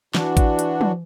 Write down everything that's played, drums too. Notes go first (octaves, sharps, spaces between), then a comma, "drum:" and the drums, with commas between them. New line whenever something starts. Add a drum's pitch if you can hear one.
E3 D4 F#4, drum: snare
drum: kick A1, hi-hat
drum: hi-hat
drum: tom